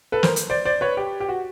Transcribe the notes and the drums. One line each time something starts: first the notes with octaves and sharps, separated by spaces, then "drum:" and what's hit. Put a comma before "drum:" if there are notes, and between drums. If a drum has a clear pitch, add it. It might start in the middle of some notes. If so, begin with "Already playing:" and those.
A4 B4
A#4 C5, drum: snare
drum: hi-hat
C5 D5
C5 D5
B4 C#5
G4
G4
F#4